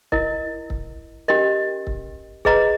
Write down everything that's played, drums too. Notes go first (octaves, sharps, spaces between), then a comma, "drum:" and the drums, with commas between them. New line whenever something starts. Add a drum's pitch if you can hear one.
E4 A#4 D#5, drum: kick
drum: kick
C#4 G4 A#4 D#5
drum: kick
G#4 B4 D#5 A#5, drum: kick